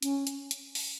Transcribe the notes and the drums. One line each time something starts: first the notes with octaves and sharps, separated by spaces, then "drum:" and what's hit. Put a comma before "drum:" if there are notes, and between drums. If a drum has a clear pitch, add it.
C#4, drum: hi-hat
drum: hi-hat
drum: hi-hat
drum: open hi-hat